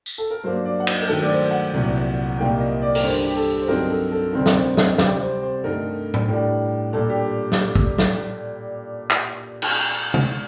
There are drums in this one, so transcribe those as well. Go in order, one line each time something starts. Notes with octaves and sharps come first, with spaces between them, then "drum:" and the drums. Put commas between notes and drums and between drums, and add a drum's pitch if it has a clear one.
drum: tambourine
A4
A#4
G2 F#3 A#3 D4 C5
D5
F#5
D#5, drum: cymbal
A#4
G2 D#3 F#3 A3 A4
D5
C5
F#5
C2 A#2 F#3
C2 A#2 G3 A#3 D#4 G5
D#5
D5
A#4, drum: open hi-hat
G2 D3 G3 D4 C5
G4
A4
C5
G2 D3 F#3 C4 D#4 A#4
A4
A4
D2 C3 G3 C4 D#4 A#4
drum: snare
C5
D#5, drum: snare
C3 G3 C4 D5, drum: snare
C5
C5
G2 D3 A3 D#4 A#4
drum: tom A2
A2 G3 D4
A#2 G3 D4 A4
G4
drum: snare
drum: kick
drum: snare
drum: clap
drum: cymbal
drum: tom C3